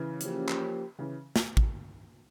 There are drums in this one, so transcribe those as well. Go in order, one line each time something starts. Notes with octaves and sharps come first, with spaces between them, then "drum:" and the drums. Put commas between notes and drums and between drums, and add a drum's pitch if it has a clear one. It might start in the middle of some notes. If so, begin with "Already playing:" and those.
Already playing: C#3 E3
F3 A#3 C#4 G4, drum: hi-hat
drum: clap
C#3 E3
drum: snare
drum: kick